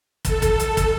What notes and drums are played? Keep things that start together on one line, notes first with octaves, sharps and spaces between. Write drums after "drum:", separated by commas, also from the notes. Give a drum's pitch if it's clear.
A4, drum: kick, hi-hat
drum: kick, hi-hat
drum: hi-hat
drum: kick, hi-hat